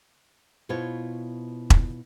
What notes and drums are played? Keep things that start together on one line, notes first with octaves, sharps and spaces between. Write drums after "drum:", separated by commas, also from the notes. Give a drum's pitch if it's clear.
B2 E4 F4 C5 C#5
drum: kick E1